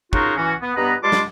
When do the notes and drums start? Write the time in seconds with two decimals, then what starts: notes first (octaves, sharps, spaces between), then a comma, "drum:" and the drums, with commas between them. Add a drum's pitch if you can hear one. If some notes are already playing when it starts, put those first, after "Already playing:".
0.13 C#3 D#4 F4 F#4 G#4 A#4, drum: kick
0.37 E3 C#4 F#4
0.62 B3
0.76 G2 B3 B4 D#5 A#5
1.03 G3 G#3 F4 A5 C6 D6
1.12 drum: snare